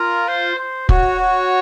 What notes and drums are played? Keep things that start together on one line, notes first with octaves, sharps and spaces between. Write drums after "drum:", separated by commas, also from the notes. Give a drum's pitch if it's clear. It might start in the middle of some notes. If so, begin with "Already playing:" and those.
Already playing: F4 A#4
C5
C5
F#4 C#5, drum: kick
C#5